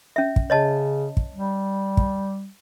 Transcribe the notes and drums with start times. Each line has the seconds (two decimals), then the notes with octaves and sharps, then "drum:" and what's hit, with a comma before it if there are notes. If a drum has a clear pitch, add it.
0.16 C#4 E5
0.36 drum: kick
0.50 C#3 C#5 D#5 A5
1.17 drum: kick
1.35 G3
1.97 drum: kick